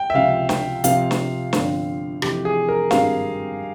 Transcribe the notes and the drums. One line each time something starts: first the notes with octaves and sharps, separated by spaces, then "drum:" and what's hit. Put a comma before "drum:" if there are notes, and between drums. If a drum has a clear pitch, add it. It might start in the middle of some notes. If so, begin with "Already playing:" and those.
Already playing: G5
E5
C#2 C3 F3 F5
G5, drum: snare
C3 F3 C4 F5, drum: hi-hat
drum: snare
G1 G2 F3 C4, drum: snare
F1 F2 E3 G4, drum: rim click
G#4
A#4
G#1 G2 G3 C4 F5, drum: snare